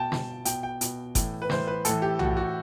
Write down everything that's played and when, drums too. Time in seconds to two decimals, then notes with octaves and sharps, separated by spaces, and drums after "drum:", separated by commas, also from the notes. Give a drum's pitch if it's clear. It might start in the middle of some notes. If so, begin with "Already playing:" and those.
Already playing: B2 G5 A5
0.12 B2, drum: snare
0.45 B2 G5, drum: hi-hat
0.63 G5
0.81 B2, drum: hi-hat
1.15 A2 E3, drum: kick F#1, hi-hat
1.42 B4
1.50 A2 E3 C5, drum: snare
1.67 B4
1.85 A2 E3 A4, drum: hi-hat
2.02 G4
2.19 A2 E3 F#4, drum: tom B1
2.37 F#4